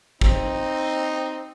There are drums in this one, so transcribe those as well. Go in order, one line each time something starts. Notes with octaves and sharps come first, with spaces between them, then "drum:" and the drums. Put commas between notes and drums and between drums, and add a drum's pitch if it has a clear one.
C4 D#4, drum: kick